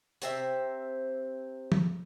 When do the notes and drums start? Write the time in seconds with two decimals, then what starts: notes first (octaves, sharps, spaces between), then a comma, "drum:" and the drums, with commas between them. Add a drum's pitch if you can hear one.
0.22 C3 C4 E5, drum: hi-hat
1.72 drum: tom